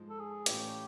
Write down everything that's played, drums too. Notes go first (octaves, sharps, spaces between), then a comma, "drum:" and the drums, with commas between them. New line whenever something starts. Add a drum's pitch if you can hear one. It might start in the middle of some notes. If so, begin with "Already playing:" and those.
Already playing: G#2 F3 G#3
A4
G#4
A2 E3 A3 C#4 F4 G4, drum: hi-hat